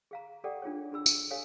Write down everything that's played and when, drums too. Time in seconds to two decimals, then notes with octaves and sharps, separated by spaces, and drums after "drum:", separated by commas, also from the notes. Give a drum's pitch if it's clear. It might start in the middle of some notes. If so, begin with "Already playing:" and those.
0.11 G#4 F5 A#5
0.44 G4 A4 D5 F#5 G5 D6
0.62 D4 F4 G#4 C#5
0.92 D4 G#4 B5 E6
1.06 drum: tambourine
1.30 G4 A4 C#5 F5 G#5